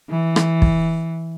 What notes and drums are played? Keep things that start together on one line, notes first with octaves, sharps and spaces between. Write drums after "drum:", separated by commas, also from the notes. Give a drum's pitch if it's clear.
E3
drum: rim click
drum: kick